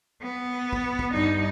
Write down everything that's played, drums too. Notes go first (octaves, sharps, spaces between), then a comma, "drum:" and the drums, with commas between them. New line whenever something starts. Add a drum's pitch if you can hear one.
B3
drum: kick
drum: kick
G2 D#4